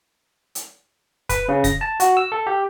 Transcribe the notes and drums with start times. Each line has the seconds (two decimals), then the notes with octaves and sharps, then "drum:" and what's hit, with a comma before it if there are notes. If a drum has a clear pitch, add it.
0.55 drum: hi-hat
1.29 B4, drum: kick, hi-hat
1.48 C#3
1.64 A#6, drum: kick, hi-hat
1.81 A5
2.00 F#4, drum: hi-hat
2.17 E6
2.32 A4
2.47 G4